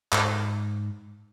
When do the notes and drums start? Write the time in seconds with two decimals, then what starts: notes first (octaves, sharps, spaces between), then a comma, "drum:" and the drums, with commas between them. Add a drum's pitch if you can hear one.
0.12 G#2, drum: clap